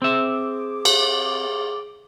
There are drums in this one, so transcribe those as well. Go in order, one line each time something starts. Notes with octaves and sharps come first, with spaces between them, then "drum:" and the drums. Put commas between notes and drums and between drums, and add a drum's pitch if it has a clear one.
C4 G#4 E5 D6
drum: cymbal